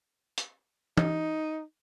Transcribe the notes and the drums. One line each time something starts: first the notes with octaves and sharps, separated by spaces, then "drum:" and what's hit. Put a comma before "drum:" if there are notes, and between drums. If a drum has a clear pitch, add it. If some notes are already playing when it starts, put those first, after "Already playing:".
drum: hi-hat
D#4, drum: tom